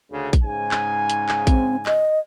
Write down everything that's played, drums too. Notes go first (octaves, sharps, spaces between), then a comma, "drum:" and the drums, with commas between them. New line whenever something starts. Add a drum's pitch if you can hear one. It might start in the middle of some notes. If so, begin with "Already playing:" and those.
D2 C#3
drum: kick A#1, hi-hat
G#2 C#3 G#5
drum: clap
drum: hi-hat
drum: clap
C4, drum: kick A#1, hi-hat
D#5, drum: clap